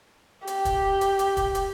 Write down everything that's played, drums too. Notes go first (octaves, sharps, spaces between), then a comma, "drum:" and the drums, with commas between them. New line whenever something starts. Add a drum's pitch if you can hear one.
G4, drum: hi-hat
drum: kick, hi-hat
drum: hi-hat
drum: hi-hat
drum: kick, hi-hat
drum: hi-hat